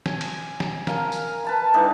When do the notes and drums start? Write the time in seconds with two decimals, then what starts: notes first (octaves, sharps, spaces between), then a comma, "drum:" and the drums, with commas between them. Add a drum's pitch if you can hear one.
0.06 G#5, drum: snare
0.21 drum: cymbal
0.60 drum: snare
0.87 A#4 F5 G#5, drum: snare
1.12 drum: tambourine
1.45 B4 A5 B5
1.74 D3 E3 G3 D#4